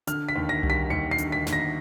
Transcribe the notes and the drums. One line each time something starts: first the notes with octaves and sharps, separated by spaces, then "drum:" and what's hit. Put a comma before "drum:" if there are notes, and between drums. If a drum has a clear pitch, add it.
D3 F6, drum: hi-hat
B6
D#2
A#6
G3, drum: tom C2
B6
D#2 C#7
C7
D3, drum: hi-hat
B6
D#2, drum: snare
A#6